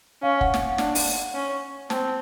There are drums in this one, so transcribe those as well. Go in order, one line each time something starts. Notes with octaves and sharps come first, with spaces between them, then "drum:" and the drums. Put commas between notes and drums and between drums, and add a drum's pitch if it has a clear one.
C#4 F5
F#5, drum: kick F1
drum: snare
D4, drum: snare
drum: open hi-hat
C#4
C4 A5, drum: snare